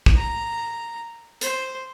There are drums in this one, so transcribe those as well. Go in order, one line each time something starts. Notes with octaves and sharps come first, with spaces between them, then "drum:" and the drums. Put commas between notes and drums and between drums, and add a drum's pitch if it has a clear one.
drum: kick
A#5
C5, drum: hi-hat